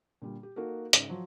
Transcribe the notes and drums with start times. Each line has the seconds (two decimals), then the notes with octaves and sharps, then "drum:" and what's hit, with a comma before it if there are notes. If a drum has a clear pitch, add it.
0.22 A#2 D3 G3
0.43 G4
0.56 A#3 D#4 F#4 A4 A#4
0.93 G#2 C#3, drum: hi-hat
1.09 F3 F#3